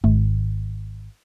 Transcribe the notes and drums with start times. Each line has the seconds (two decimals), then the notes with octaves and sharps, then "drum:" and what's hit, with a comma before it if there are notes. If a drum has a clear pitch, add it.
0.04 G#1, drum: tom G#3